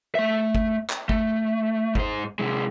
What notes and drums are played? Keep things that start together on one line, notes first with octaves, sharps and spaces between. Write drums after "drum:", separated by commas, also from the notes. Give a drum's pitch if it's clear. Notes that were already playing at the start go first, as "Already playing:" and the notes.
A3 E5
drum: kick G1
drum: clap
A3, drum: kick G1
G#2 C5, drum: kick G1
C3 G#3